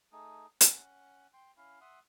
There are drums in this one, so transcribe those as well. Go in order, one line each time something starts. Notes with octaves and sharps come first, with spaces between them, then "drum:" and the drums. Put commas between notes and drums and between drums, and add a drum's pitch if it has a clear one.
A3 D#4 G#4
C#4 F#5, drum: hi-hat
G5 C6
C#4 E4 F5
E5 F#5 C6 D#6